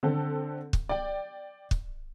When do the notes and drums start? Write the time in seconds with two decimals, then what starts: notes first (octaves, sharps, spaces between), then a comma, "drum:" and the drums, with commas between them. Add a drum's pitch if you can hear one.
0.03 D3 C4 A4
0.73 drum: kick
0.89 D5 G5
1.71 drum: kick